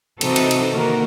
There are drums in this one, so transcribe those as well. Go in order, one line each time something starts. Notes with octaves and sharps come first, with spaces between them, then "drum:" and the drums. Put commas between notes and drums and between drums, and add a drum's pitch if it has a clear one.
C3 E3 C4 D#4 F#4 A4, drum: cymbal
drum: cymbal
drum: cymbal
D#3 E3 A#3 F#4 A#4